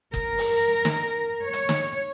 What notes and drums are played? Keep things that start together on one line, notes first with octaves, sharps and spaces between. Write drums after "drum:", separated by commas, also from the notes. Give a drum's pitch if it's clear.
A#4, drum: kick F#1
drum: open hi-hat
drum: snare
C#5
drum: hi-hat
drum: snare